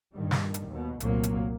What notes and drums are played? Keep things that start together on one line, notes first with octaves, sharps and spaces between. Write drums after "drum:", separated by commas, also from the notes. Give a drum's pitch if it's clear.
G2 A#2 D#3 G3
drum: snare
drum: hi-hat
D#2 B2
F1 C2 A#2 F#3 A#3, drum: hi-hat
drum: hi-hat